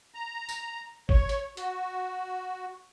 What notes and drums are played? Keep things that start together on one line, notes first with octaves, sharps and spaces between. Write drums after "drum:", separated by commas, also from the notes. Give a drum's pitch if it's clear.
A#5
drum: tambourine
C#5, drum: kick
drum: hi-hat
F#4, drum: hi-hat